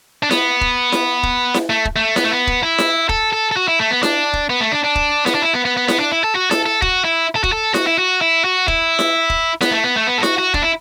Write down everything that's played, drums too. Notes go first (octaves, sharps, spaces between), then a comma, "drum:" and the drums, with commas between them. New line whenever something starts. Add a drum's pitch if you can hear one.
D4
B3, drum: snare E4
drum: kick
drum: snare E4
drum: kick
drum: snare E4
A3
drum: kick
A3
B3, drum: snare E4
A3
B3
drum: kick
E4
drum: snare E4
A4, drum: kick
A4
A4
F#4
E4
A3
B3
D4, drum: snare E4
drum: kick
B3
A3
D4
D4
drum: kick
B3, drum: snare E4
D4
E4
B3
B3
B3
B3, drum: snare E4
D4
E4
A4
F#4
A4, drum: snare E4
A4
F#4, drum: kick
E4
A4
F#4, drum: kick
A4
F#4, drum: snare E4
E4
F#4
E4
F#4
E4, drum: kick
drum: snare E4
drum: kick
B3, drum: snare E4
A3
B3
A3
B3
A4
F#4, drum: snare E4
F#4
D4, drum: kick
E4